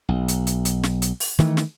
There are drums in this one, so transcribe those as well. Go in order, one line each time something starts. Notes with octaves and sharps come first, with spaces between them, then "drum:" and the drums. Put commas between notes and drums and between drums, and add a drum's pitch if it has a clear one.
B1
drum: hi-hat
drum: hi-hat
drum: hi-hat
drum: snare
drum: hi-hat
drum: open hi-hat
D#3 E3 A3, drum: snare
drum: snare